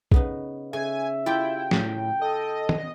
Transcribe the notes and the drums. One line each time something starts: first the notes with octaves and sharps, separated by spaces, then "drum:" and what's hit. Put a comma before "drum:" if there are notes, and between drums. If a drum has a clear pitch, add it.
C#3 B3 D#4, drum: kick
C#3 E5 G#5
E4 F4 G4 G5
A2, drum: snare
A4 D#5
drum: tom